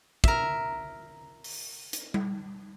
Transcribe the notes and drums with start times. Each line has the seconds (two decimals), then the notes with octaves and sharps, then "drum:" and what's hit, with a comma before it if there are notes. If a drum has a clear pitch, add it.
0.24 A#4 E5, drum: kick
1.44 drum: open hi-hat
1.93 drum: hi-hat
2.14 drum: tom G3